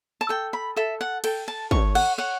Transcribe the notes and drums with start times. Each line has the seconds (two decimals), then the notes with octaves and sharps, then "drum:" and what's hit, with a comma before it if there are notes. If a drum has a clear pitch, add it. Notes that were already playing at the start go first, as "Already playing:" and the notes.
0.21 A5
0.29 A4 G5
0.53 B5
0.76 A4 E5
1.01 F#5
1.24 A4 G5, drum: cymbal
1.48 A5
1.71 C#5 C#6, drum: kick
1.95 F#5, drum: cymbal
2.18 C#5 F#5